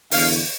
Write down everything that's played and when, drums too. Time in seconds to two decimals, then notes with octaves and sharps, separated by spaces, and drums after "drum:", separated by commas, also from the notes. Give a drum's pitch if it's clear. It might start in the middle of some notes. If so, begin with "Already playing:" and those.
0.11 E2 D3 F5, drum: open hi-hat